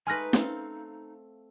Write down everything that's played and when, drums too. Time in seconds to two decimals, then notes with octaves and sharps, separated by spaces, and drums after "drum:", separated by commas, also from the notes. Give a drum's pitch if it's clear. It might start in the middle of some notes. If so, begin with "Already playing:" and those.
0.07 G#3 A3 D#4 B4 G#5 F6 A#6
0.33 C4 C#4 A4 F5, drum: snare